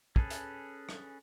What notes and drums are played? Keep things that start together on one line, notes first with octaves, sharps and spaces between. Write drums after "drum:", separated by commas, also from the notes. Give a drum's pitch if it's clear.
C#4 G#4 A4 B4, drum: kick
drum: hi-hat
drum: rim click